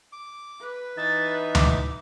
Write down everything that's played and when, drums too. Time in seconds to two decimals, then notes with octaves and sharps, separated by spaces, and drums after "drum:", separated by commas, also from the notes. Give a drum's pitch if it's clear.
0.13 D6
0.61 B4
0.97 E3 D#4 E5 A6
1.55 D6, drum: tom D2